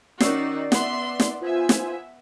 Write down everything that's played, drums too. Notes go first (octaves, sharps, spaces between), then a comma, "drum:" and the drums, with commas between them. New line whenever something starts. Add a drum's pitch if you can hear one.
D#3 C#4 D#4 F#4 D5 E6 C7, drum: snare
B3 E5 F#5 C6, drum: snare
drum: snare
B3 F4 C5 E5 G#5
drum: snare